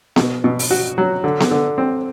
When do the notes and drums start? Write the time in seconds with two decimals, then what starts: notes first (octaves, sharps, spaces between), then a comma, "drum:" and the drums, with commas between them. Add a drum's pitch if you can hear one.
0.16 B2, drum: snare B3
0.44 B2
0.59 drum: open hi-hat
0.71 F#4
0.98 F#3
1.24 D3
1.40 drum: snare B3
1.51 D3
1.78 C4